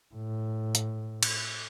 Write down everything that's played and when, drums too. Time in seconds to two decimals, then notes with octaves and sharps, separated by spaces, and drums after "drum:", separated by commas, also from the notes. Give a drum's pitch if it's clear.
0.14 A2
0.75 drum: hi-hat
1.23 drum: cymbal